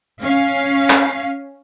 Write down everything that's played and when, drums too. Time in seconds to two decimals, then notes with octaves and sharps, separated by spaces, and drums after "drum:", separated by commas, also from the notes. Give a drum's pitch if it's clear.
0.22 C#4 F5
0.90 drum: clap